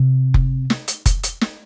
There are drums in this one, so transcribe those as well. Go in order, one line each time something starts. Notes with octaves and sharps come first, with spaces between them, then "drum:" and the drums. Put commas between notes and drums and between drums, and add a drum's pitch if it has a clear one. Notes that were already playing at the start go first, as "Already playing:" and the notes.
Already playing: C3
drum: kick F1
drum: snare
drum: hi-hat
drum: kick F1, hi-hat
drum: hi-hat
drum: snare